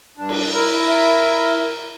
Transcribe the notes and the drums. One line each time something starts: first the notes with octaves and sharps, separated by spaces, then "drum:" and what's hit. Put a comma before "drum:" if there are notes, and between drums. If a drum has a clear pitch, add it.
G2 D4
drum: cymbal
E4 A#4
E5